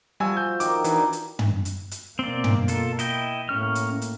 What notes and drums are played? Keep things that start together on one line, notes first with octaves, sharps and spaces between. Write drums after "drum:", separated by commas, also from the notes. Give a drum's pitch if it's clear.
F3 G3 F#4 D#5 G#5 E6
G6
D#3 D#5 D6, drum: hi-hat
E3 D4 D#4, drum: hi-hat
drum: hi-hat
drum: tom
drum: hi-hat
drum: hi-hat
B2 A#3 C4 D5
drum: tom
F4 A4, drum: hi-hat
E4 D#5 G5, drum: hi-hat
A2 A#3 C#4 F6
drum: hi-hat
drum: hi-hat